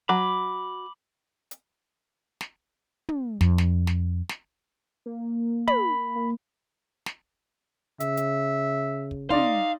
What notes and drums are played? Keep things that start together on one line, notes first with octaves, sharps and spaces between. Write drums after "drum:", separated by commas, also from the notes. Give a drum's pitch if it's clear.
F#3 B5 D6
drum: hi-hat
drum: snare
drum: tom
F2, drum: snare
drum: snare
drum: snare
drum: snare
A#3
B5, drum: tom
A#3
drum: snare
C#3 E5, drum: hi-hat
drum: hi-hat
drum: kick
D#4 D5 F5 C6, drum: tom